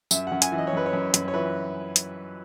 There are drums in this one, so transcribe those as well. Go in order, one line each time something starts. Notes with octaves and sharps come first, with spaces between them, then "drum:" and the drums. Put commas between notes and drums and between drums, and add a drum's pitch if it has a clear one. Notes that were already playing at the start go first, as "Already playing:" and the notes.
F#2 E5, drum: tambourine
F#2 F#5
G#5, drum: hi-hat
E3
D#5
C#5
F#2 B4
C#5
F#2
F#2, drum: hi-hat
C#5
E3 B4
drum: hi-hat